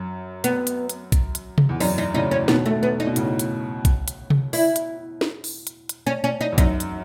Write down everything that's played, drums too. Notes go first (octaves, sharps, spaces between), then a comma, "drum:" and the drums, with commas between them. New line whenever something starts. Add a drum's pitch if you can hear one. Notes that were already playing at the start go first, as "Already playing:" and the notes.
Already playing: F#2
B3, drum: hi-hat
drum: hi-hat
drum: hi-hat
drum: kick A#1, hi-hat
drum: hi-hat
drum: tom C3
E2
F#2 D#4, drum: open hi-hat
D#4
A2 C#3 D#4
C#4
B2 D#3 B3, drum: snare
A3
B3
D#4
B2
A2 C#3, drum: hi-hat
drum: hi-hat
drum: kick A#1, hi-hat
drum: hi-hat
drum: tom C3
E4, drum: open hi-hat
drum: hi-hat
drum: snare
drum: open hi-hat
drum: hi-hat
drum: hi-hat
C#4
C#4
D#4
E2
F#2 D#4, drum: kick A#1, hi-hat
drum: hi-hat